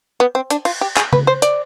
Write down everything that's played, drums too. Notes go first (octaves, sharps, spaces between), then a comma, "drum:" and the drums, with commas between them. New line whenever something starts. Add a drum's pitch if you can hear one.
B3
C4
D4, drum: hi-hat
F4, drum: cymbal
G4
G#4, drum: clap
B4, drum: tom C#3
C5
D5, drum: hi-hat